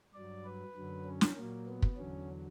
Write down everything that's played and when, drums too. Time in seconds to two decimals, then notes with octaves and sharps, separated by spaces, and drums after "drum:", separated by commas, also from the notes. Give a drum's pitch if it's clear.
0.14 G2 F#3 D5
0.45 B4
0.75 F#2 D3 F#3
1.05 C#4
1.21 drum: snare
1.36 A#2 F#3 A#3
1.67 B3
1.82 drum: kick
1.97 E2 D3 F#3 C#4